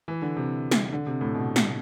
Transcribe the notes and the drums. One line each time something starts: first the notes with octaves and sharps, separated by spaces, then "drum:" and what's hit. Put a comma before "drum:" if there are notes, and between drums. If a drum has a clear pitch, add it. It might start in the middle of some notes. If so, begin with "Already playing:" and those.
E3
D3
C3
drum: snare
D3
C3
A2
B2
drum: snare